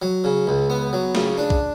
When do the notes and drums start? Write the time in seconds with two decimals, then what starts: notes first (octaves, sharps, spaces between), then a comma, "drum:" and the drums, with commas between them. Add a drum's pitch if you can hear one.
0.02 F#3
0.24 C#3
0.47 C#2
0.70 B3
0.93 F#3
1.15 C#3, drum: snare
1.38 D4
1.50 drum: kick